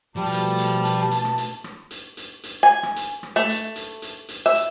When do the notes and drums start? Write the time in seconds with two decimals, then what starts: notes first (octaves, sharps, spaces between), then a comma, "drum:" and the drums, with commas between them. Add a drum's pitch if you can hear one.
0.16 B2 F3 G3 A3 A5
0.32 drum: hi-hat
0.58 drum: hi-hat
0.85 drum: hi-hat
1.11 drum: hi-hat
1.25 drum: rim click
1.38 drum: hi-hat
1.64 drum: rim click
1.91 drum: hi-hat
2.17 drum: hi-hat
2.44 drum: hi-hat
2.63 G#5
2.83 drum: rim click
2.96 drum: hi-hat
3.23 drum: rim click
3.36 A3
3.49 drum: hi-hat
3.76 drum: hi-hat
4.02 drum: hi-hat
4.29 drum: hi-hat
4.46 E5
4.55 drum: hi-hat